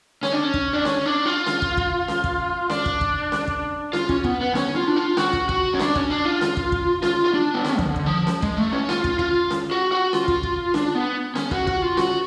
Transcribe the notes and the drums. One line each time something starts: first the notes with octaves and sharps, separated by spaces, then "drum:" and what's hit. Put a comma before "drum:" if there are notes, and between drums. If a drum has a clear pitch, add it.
C#4, drum: snare C#4
D4
C#4
drum: kick
D4
C#4, drum: snare C#4
D4
F4
drum: snare C#4
drum: kick
drum: kick
drum: snare C#4
drum: kick
D4, drum: snare C#4
drum: kick
drum: kick
drum: snare C#4
drum: kick
F4, drum: snare C#4
C#4, drum: kick
B3, drum: kick
B3
C#4, drum: snare C#4
F4
D4
F4
F#4, drum: snare C#4
drum: kick
F#4, drum: kick
C#4
D4, drum: snare C#4
C#4, drum: kick
D4
F4
drum: snare C#4
drum: kick
drum: kick
F4, drum: snare C#4
F4
D4
B3
C#4, drum: snare C#4
F3, drum: kick
D3
drum: kick
F3
drum: snare C#4
G#3, drum: kick
A3
C#4
F4, drum: snare C#4
drum: kick
F4, drum: kick
drum: snare C#4
F#4
F#4
F4, drum: snare C#4
drum: kick
drum: kick
D4, drum: snare C#4
B3
C#4, drum: snare C#4
F#4, drum: kick
F#4, drum: kick
F4
F#4, drum: snare C#4